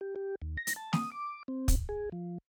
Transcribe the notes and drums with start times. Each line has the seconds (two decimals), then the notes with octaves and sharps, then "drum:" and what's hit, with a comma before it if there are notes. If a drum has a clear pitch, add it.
0.01 G4
0.16 G4
0.42 D#2
0.57 A#6
0.67 drum: hi-hat
0.76 A5
0.93 D#6, drum: snare
1.12 D6
1.48 C4
1.68 drum: kick, hi-hat
1.89 G#4
2.12 F3